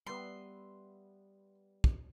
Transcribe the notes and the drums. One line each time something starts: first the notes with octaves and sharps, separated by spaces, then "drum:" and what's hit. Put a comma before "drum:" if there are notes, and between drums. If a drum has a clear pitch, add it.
G3 B3 E5 C6
drum: kick